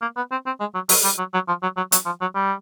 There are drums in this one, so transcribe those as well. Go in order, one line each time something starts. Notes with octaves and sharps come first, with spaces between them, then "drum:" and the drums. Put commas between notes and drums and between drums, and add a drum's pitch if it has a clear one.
A#3
B3
C4
C4
G#3
F#3
F#3, drum: open hi-hat
G3
F#3
F#3
F3
F#3
F#3
F#3, drum: hi-hat
F3
F#3
G3